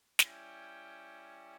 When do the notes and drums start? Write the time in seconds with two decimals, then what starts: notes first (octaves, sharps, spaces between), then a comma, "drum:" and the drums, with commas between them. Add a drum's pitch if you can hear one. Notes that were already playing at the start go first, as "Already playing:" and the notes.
0.19 G3 C#4 E4 G5, drum: snare